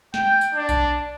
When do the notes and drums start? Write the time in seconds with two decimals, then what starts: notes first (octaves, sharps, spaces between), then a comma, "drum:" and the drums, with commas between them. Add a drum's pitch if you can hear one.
0.14 G5, drum: snare
0.41 drum: tambourine
0.55 D4
0.69 drum: kick B1, tambourine